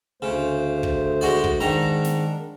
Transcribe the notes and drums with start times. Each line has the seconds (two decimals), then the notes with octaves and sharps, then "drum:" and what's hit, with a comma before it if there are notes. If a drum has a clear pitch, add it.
0.22 D2 C#3 A3 C5
0.83 drum: kick
1.21 G#3 F#4 D5
1.44 drum: kick
1.60 G#2 D#3 D4 A#4 A#5
2.04 drum: snare